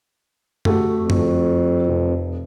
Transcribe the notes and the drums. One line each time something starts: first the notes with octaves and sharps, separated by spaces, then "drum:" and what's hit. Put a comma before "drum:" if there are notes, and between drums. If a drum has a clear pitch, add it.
A3 F#4 G4, drum: tom F#2
F2
drum: tom F#2
F1